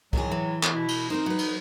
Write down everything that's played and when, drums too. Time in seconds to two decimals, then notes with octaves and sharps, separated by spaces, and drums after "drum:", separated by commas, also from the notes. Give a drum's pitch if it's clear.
0.13 A2 D#3 E3 F#3 G#4, drum: kick C2
0.31 E3
0.63 drum: clap
0.74 B2 E4
0.88 drum: cymbal
1.10 C4 D#4 A#4 C5
1.26 F#3 B4
1.38 drum: cymbal